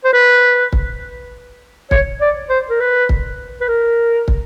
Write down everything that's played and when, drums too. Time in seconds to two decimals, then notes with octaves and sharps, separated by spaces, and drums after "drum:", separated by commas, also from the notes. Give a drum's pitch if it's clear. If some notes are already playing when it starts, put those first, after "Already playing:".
0.04 C5
0.13 B4
0.73 drum: kick
1.91 C#5, drum: kick
2.21 D5
2.50 C5
2.70 A#4
2.80 B4
3.09 drum: kick
3.61 B4
3.68 A#4
4.28 drum: kick